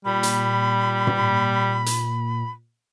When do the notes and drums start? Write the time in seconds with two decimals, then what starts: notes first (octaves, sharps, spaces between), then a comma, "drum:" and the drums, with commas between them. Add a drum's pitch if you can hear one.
0.05 A#2 G3 B5
0.23 drum: hi-hat
1.07 drum: tom
1.86 drum: hi-hat